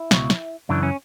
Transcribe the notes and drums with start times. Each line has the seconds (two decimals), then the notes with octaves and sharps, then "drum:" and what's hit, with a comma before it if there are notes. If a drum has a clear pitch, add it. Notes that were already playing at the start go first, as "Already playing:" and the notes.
Already playing: E4
0.11 C#2 B2, drum: snare
0.30 drum: snare
0.69 F#2 C#3 E3 D4
0.83 C#4